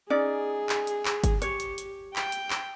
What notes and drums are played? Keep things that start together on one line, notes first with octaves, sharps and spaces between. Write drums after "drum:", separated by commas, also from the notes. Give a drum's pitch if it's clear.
C#4 D#4 G#4 D5
drum: clap
drum: hi-hat
drum: clap
drum: kick G1, hi-hat
G4 C#5, drum: hi-hat
drum: hi-hat
drum: hi-hat
G5, drum: clap
drum: hi-hat
drum: clap